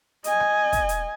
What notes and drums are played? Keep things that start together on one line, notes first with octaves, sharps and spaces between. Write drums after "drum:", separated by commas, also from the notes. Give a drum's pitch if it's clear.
D#5 G#5, drum: hi-hat
drum: rim click
drum: kick, hi-hat
drum: hi-hat